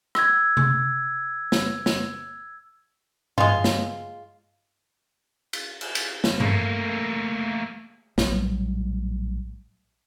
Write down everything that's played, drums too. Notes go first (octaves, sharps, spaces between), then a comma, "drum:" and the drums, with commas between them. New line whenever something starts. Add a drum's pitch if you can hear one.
E6 G#6, drum: rim click
drum: tom C3
drum: snare
drum: snare
G#3 F4, drum: tom G2
drum: snare
drum: cymbal
drum: cymbal
drum: cymbal
drum: snare
A3 A#3, drum: tom G2
A#1 A2 F#3 G3, drum: snare